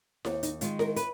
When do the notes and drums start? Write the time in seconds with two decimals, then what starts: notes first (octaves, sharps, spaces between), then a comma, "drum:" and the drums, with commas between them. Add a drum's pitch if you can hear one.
0.25 D#2 B3, drum: snare E4
0.43 D#4, drum: hi-hat
0.61 D#3 G#3 F4, drum: hi-hat
0.79 A#4, drum: snare E4
0.96 B4, drum: hi-hat